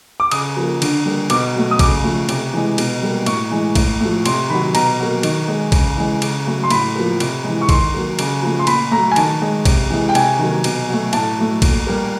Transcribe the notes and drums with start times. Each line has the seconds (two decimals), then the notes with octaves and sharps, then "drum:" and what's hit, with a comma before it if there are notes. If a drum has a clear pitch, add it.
0.20 D6
0.31 C#3 D#6, drum: cymbal
0.57 F3 A#3
0.82 D3, drum: cymbal
1.06 G3 A#3
1.30 B2 D6, drum: cymbal
1.56 F#3 A3
1.71 D#6
1.79 C#3 D6, drum: kick, cymbal
2.04 F3 A3
2.29 C3, drum: cymbal
2.54 E3 G#3
2.78 B2, drum: cymbal
3.03 G3 A#3
3.26 A2 C#6, drum: cymbal
3.51 E3 G#3
3.75 A2, drum: kick, cymbal
4.01 F3 A3
4.26 C3 C6, drum: cymbal
4.50 D#3 F#3 B5
4.75 B2 A#5, drum: cymbal
4.99 F#3 A#3
5.23 D#3, drum: cymbal
5.48 G#3
5.72 C#3, drum: kick, cymbal
5.97 E3 G#3
6.22 C#3, drum: cymbal
6.46 F#3 A3
6.64 C6
6.70 A2 B5, drum: cymbal
6.96 F3 A#3
7.20 C3, drum: cymbal
7.44 E3 G#3
7.61 C#6
7.69 D#3 C6, drum: kick, cymbal
7.94 F#3 A#3
8.19 C#3, drum: cymbal
8.43 F3 A3
8.59 C6
8.67 A#2 B5, drum: cymbal
8.91 F#3 A3 A#5
9.12 G#5
9.16 D#3 A5, drum: cymbal
9.42 G#3
9.65 C3, drum: kick, cymbal
9.90 E3 G#3
10.09 G5
10.15 C3 G#5, drum: cymbal
10.39 D#3 F#3 A#3
10.64 B2, drum: cymbal
10.88 F#3
10.93 A3
11.13 A2 A5, drum: cymbal
11.38 F#3 A3
11.62 A#2, drum: kick, cymbal
11.87 G3 A#3